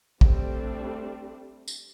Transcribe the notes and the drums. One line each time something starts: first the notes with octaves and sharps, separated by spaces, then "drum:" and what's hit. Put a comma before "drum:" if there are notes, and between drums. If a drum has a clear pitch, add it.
G3 A3 C4 D4, drum: kick
drum: tambourine